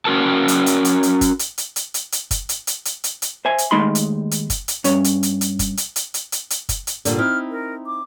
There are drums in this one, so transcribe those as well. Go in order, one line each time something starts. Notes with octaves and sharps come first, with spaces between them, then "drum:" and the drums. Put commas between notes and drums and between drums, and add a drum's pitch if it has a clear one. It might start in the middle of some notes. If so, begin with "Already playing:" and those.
C#4 F#4 A#4 A5
drum: hi-hat
drum: hi-hat
drum: hi-hat
drum: hi-hat
drum: kick F#1, hi-hat
drum: hi-hat
drum: hi-hat
drum: hi-hat
drum: hi-hat
drum: hi-hat
drum: kick F#1, hi-hat
drum: hi-hat
drum: hi-hat
drum: hi-hat
drum: hi-hat
drum: hi-hat
C5 E5 G#5
drum: hi-hat
D#2 G#3 A3 D#4 B5 C6
drum: hi-hat
drum: hi-hat
drum: kick F#1, hi-hat
drum: hi-hat
G2 C#4 C#5, drum: hi-hat
drum: hi-hat
drum: hi-hat
drum: hi-hat
drum: kick F#1, hi-hat
drum: hi-hat
drum: hi-hat
drum: hi-hat
drum: hi-hat
drum: hi-hat
drum: kick F#1, hi-hat
drum: hi-hat
G2 A#2 D3, drum: hi-hat
C4 D#4 E4 F6
A#4
D6